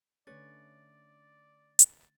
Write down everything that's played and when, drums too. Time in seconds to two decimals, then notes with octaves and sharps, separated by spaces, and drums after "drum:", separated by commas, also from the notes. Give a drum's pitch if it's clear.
0.27 D3 A3 C#4 B4 C#5 D5 A6
1.79 drum: hi-hat